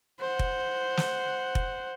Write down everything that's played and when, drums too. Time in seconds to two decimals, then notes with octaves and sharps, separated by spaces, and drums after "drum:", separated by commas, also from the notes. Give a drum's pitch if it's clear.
0.20 C5 F#5
0.39 drum: kick F1
0.97 drum: snare
1.55 drum: kick F1